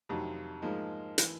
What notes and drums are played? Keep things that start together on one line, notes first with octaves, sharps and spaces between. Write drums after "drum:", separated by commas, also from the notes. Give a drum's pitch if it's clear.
F2 C3 D#3 F#3
G#2 F3 G#3 A#3
E3, drum: hi-hat